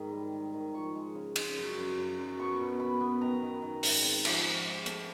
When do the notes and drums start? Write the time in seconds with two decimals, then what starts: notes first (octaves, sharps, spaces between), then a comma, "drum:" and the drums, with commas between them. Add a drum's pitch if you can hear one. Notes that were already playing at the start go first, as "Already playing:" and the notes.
Already playing: G#2 D#3
0.12 G3
0.33 D#3
0.53 D#3
0.74 F3 C#6
0.95 G#3
1.15 C#3
1.36 G#3, drum: cymbal
1.56 F#2
1.78 F#2
1.97 F#2
2.19 F#2
2.39 B3 C#6
2.60 B2
2.80 B2 B5
3.01 B3
3.21 D#3 A#5
3.42 D#3
3.62 D#3
3.83 G#2, drum: open hi-hat
4.04 C4
4.25 F3, drum: cymbal
4.45 F3
4.66 G#3
4.86 A3 A5, drum: hi-hat